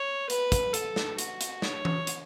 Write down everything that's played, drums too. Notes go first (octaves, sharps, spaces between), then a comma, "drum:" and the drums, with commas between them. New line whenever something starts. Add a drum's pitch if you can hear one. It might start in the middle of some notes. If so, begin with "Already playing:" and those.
Already playing: C#5
B4, drum: hi-hat
drum: kick, hi-hat
A4, drum: hi-hat
drum: snare
F#4, drum: hi-hat
drum: hi-hat
C#5, drum: snare
drum: tom E3
drum: hi-hat